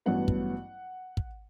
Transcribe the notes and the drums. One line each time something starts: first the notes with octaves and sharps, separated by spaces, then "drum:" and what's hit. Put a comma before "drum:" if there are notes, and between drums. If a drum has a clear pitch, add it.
A1 G2 F#3 B3 F#5
drum: kick
drum: kick